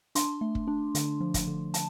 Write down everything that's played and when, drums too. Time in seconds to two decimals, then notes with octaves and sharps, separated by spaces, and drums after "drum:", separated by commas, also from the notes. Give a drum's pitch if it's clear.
0.15 D4 C6, drum: hi-hat
0.41 A3
0.55 drum: kick
0.68 D4
0.95 D3, drum: hi-hat
1.21 F3
1.34 drum: kick, hi-hat
1.47 D3
1.74 A5, drum: hi-hat